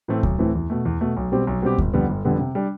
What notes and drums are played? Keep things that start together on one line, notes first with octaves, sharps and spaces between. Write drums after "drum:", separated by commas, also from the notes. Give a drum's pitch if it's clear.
A2 E3 A3 C4
B1, drum: kick D2
A2 E3 A3 C4
E2
B2 A3
E2
B2 A3
B1
B2 G3 C4 G4
B1
B2 G3 C4 G4
G1, drum: kick D2
F2 D3 G3 B3
G1
F2 D3 G3 B3
C3
G3 D4